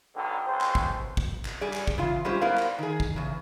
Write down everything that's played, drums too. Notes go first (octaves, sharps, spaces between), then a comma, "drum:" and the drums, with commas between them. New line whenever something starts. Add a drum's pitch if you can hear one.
B1 G#2 D3 G5
C#2 C5
drum: clap
drum: kick
drum: kick
drum: clap
G3 G#4 D5
drum: clap
drum: kick
C#3 E3 F4 F5
G3 G#3 C#4 F4 G4 C5
B3 E4 A#4 C5 D5 F5
drum: clap
D#3 G#4
drum: kick
E2 C#3